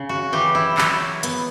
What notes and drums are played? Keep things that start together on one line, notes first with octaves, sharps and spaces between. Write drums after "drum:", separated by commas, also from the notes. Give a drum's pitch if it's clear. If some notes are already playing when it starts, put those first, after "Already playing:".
Already playing: C#3
F#4
E3 G4
E4
F#3 E4, drum: clap
B3, drum: hi-hat